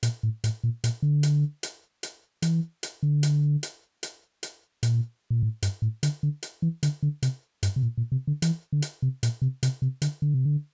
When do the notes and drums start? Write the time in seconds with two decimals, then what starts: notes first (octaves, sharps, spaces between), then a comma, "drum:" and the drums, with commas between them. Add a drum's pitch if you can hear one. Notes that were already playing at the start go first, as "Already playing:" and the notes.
0.03 A#2, drum: hi-hat
0.23 A2
0.44 A2, drum: hi-hat
0.64 A#2
0.84 A#2, drum: hi-hat
1.02 D3
1.23 drum: hi-hat
1.63 drum: hi-hat
2.03 drum: hi-hat
2.42 E3, drum: hi-hat
2.83 drum: hi-hat
3.03 D3
3.23 drum: hi-hat
3.63 drum: hi-hat
4.03 drum: hi-hat
4.43 drum: hi-hat
4.83 A#2, drum: hi-hat
5.30 A#2
5.43 A2
5.62 G2, drum: hi-hat
5.82 A2
6.03 D3, drum: hi-hat
6.23 D3
6.43 drum: hi-hat
6.62 E3
6.83 D3, drum: hi-hat
7.03 D3
7.22 C3, drum: hi-hat
7.63 G2, drum: hi-hat
7.76 C3
7.83 A#2
7.98 A#2
8.12 C3
8.27 D3
8.42 E3, drum: hi-hat
8.72 D3
8.82 drum: hi-hat
9.02 C3
9.23 A#2, drum: hi-hat
9.42 C3
9.63 C3, drum: hi-hat
9.82 C3
10.02 D3, drum: hi-hat
10.22 D3
10.34 C3
10.45 D3